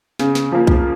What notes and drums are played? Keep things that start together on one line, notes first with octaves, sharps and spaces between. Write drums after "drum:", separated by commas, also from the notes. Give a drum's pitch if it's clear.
C#3, drum: snare
drum: snare
F3 A#3
drum: kick